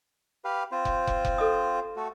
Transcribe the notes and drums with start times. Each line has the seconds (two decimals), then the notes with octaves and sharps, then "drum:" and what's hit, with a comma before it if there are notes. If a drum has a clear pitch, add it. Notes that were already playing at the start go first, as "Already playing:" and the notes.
0.45 G4 B4 F5
0.72 C4 F4 C5
0.85 drum: kick
1.07 drum: kick
1.25 drum: kick
1.38 A4 D#5 D#6
1.96 A3 F#4